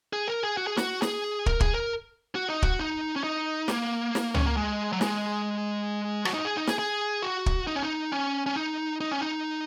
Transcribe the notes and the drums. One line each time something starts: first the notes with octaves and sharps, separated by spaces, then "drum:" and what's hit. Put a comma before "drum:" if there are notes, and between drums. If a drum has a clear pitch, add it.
G#4
A#4
G#4
F#4
G#4
F#4, drum: snare
G#4, drum: snare
A#4, drum: kick
G#4, drum: kick
A#4
F#4
D#4
F#4, drum: kick
D#4
C#4
D#4
A#3, drum: snare
drum: snare
C#4, drum: tom C#2
A#3
G#3
F#3
G#3, drum: snare
F#4, drum: rim click
D#4
G#4
D#4
G#4, drum: snare
G#4
F#4
drum: kick
D#4
C#4
D#4
C#4
C#4
D#4
D#4
C#4
D#4